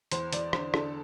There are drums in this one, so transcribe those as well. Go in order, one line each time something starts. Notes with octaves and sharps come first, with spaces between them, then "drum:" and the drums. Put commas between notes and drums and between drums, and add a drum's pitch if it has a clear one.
E2 C5, drum: hi-hat
E2 D5, drum: hi-hat
D3 C5, drum: rim click
D3 A4, drum: rim click